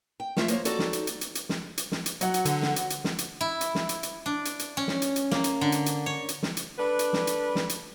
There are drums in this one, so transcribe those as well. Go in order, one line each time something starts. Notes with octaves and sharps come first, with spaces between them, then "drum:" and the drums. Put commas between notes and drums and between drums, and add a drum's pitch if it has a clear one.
G5
F3 A3 F4 E5, drum: snare
F3 A#3 C5 C#5, drum: hi-hat
D#4 F#4 A4 D5, drum: hi-hat
drum: snare
drum: hi-hat
drum: hi-hat
drum: hi-hat
drum: hi-hat
drum: snare
drum: hi-hat
drum: snare
drum: hi-hat
F#3 F#5, drum: hi-hat
drum: hi-hat
D3, drum: hi-hat
drum: snare
drum: hi-hat
drum: hi-hat
drum: snare
drum: hi-hat
E4
drum: hi-hat
drum: snare
drum: hi-hat
drum: hi-hat
D4
drum: hi-hat
drum: hi-hat
C#4
drum: snare
drum: hi-hat
drum: hi-hat
A#3, drum: snare
drum: hi-hat
D3
drum: hi-hat
drum: hi-hat
C#5
drum: hi-hat
drum: snare
drum: hi-hat
D4 A4 B4
drum: hi-hat
drum: snare
drum: hi-hat
drum: snare
drum: hi-hat